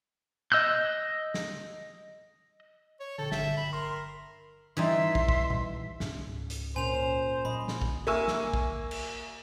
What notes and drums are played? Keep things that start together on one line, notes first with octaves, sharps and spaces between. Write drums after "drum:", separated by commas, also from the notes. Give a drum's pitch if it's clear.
D#5 E6 F#6 G6
drum: snare
C#5
A#1 D3 A4 G5
G1 E5 E7, drum: snare
B5
A#4 C6
E3 G3 D#4 E5 C6
drum: kick
drum: kick
drum: tom A#2
C#2 G#2, drum: snare
drum: hi-hat
A#2 C#4 A#4 C5 G#5 F7
A#2 F#3 D#5 B5
drum: snare
drum: kick
A#3 E5 G#5 C#6 E6
drum: snare
drum: kick
drum: cymbal